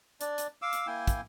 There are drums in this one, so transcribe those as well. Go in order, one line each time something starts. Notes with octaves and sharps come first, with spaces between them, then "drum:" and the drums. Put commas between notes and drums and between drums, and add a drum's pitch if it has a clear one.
D4 D5, drum: hi-hat
drum: hi-hat
F5 D6 E6
drum: hi-hat
A#3 E4 G5 G#5
drum: kick, hi-hat